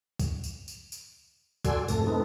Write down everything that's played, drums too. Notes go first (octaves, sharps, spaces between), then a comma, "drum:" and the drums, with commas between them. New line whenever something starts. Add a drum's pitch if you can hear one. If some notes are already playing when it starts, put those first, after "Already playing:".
drum: kick, tambourine
drum: tambourine
drum: tambourine
drum: tambourine
F#4 A4 D5 G#5 C6 E6, drum: kick, tambourine
F2 G#2 C3 A3 A4 A#6, drum: tambourine
A3 C4 D#4 A4 B4